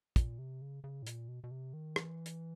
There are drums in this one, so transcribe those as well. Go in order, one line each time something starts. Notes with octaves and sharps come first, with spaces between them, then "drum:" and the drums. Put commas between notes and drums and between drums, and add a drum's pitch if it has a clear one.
A#2, drum: kick, hi-hat
C3
C#3
C#3
A2
A#2, drum: hi-hat
B2
B2
C3
D#3
E3, drum: rim click
drum: hi-hat